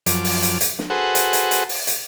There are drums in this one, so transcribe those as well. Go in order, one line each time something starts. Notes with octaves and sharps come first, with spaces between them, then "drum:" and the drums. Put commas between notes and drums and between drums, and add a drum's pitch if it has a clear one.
F#2 F3 D6, drum: hi-hat
drum: open hi-hat
drum: hi-hat
drum: hi-hat
drum: snare
F#4 G#4 A4 B4 C5 F#5
drum: hi-hat
drum: hi-hat
drum: hi-hat
drum: open hi-hat
drum: hi-hat